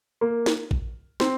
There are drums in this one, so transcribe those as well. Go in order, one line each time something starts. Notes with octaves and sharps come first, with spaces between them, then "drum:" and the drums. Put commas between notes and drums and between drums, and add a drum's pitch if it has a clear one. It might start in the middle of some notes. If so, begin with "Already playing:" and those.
A#3
drum: snare
drum: kick A1
C4, drum: snare